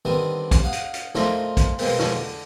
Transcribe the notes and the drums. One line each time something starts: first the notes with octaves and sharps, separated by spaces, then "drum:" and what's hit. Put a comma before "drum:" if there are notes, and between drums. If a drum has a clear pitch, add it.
D3 D#3 G3 B3 C4
drum: kick, hi-hat
F5 F#5 D#6
drum: hi-hat
drum: hi-hat
A#2 A3 C4 D#4 F4, drum: snare
drum: kick, hi-hat
B2 G#3 A#3 C4, drum: open hi-hat
drum: snare
D3